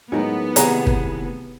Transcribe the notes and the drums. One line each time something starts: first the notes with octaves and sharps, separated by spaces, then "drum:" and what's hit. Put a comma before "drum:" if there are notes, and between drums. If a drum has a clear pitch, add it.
A2 F#3 G#3 B3 C#4 D#4 A#4
A2 C3 D#3 G#4 F#5 A#5, drum: hi-hat
drum: kick